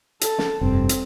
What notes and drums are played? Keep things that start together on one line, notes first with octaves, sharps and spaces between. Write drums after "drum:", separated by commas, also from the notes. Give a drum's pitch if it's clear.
A4, drum: hi-hat
drum: snare
F1 G2 C4
drum: hi-hat